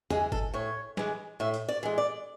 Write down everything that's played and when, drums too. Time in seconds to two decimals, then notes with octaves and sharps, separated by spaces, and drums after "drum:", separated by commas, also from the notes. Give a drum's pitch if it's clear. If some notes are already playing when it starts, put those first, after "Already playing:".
0.10 E3 G#3 G#4, drum: tom E2
0.32 A4, drum: kick G1
0.54 A2 C#5
0.97 E3 G#3, drum: snare
1.40 A2 E5
1.54 drum: hi-hat
1.69 D5
1.83 E3 G#3
1.98 D5